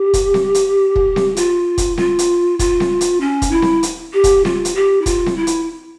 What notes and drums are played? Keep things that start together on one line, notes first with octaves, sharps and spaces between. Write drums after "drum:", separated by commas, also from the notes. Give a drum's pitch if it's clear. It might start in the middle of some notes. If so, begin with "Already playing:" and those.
Already playing: G4
drum: kick, hi-hat
drum: snare C4
drum: hi-hat
drum: kick
drum: snare C4
F4, drum: hi-hat
drum: kick, hi-hat
F4, drum: snare C4
drum: hi-hat
F4, drum: kick, hi-hat
drum: snare C4
drum: hi-hat
C#4
drum: kick, hi-hat
E4
drum: snare C4
drum: hi-hat
G4
drum: kick, hi-hat
F4, drum: snare C4
drum: hi-hat
G4
E4
F4, drum: kick, hi-hat
drum: snare C4
E4
drum: hi-hat